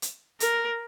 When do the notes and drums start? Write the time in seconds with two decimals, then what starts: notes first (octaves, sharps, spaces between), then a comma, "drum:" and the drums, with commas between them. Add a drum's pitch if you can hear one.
0.02 drum: hi-hat
0.40 A#4, drum: hi-hat